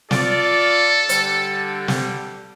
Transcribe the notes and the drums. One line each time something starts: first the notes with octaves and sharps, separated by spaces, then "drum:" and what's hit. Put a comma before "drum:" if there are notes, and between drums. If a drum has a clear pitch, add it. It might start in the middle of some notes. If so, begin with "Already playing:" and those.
F4 A4 D5, drum: snare
D3 G3, drum: hi-hat
drum: snare